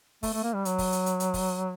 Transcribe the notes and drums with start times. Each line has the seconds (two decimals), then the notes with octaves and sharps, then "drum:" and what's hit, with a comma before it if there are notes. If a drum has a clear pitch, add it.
0.23 A3, drum: kick, open hi-hat
0.34 A3
0.43 A#3
0.54 G3
0.65 F#3, drum: hi-hat
0.78 drum: kick, open hi-hat
0.92 drum: hi-hat
1.06 drum: hi-hat
1.20 drum: hi-hat
1.34 drum: kick, open hi-hat